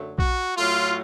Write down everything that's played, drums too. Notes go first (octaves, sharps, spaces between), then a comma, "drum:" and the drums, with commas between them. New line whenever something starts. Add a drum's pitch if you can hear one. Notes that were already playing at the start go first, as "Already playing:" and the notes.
Already playing: F#2 D3 F#3 A3
F#4, drum: kick A#1
A2 F#3 A3 F4